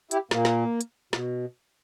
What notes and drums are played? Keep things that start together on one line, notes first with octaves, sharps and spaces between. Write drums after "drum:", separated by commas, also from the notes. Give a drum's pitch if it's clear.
E4 G4, drum: hi-hat
A#2 A#3, drum: snare
drum: snare
drum: hi-hat
B2, drum: snare